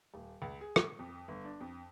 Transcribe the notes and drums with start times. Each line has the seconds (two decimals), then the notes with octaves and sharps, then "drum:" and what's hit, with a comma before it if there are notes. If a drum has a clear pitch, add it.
0.14 D#1
0.42 C#2
0.61 G#4
0.76 C#6, drum: rim click
0.99 F2
1.28 G1
1.45 D4
1.61 F2